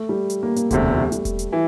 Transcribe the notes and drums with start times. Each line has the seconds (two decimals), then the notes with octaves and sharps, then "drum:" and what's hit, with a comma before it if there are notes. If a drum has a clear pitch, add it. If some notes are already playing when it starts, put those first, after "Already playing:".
Already playing: A3
0.09 G3
0.30 drum: hi-hat
0.43 A#3
0.56 A#3, drum: hi-hat
0.71 E1 D2 C3 A3, drum: kick E1, hi-hat
0.90 A3
0.97 G3
1.12 G3, drum: hi-hat
1.25 drum: kick E1, hi-hat
1.39 drum: hi-hat
1.52 E3